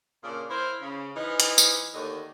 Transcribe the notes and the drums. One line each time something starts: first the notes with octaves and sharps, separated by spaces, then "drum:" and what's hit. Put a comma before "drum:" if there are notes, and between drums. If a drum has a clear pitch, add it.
A#2 C#3 A#3 D4
E4 A#4 C5
C#3
E3 F3 D#4
drum: hi-hat
drum: tambourine
D#2 D3 A3 D#5